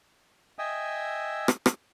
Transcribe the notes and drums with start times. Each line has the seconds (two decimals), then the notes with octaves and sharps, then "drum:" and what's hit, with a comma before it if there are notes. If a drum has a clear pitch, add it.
0.59 D#5 E5 G5 G#5 D#6 E6
1.48 drum: rim click
1.66 drum: rim click